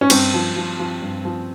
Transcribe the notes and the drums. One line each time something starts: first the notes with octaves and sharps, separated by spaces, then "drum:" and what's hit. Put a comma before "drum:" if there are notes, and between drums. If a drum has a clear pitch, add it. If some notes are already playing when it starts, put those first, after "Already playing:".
C#4
G2 C4, drum: cymbal
F3
F3
F3
G2
F3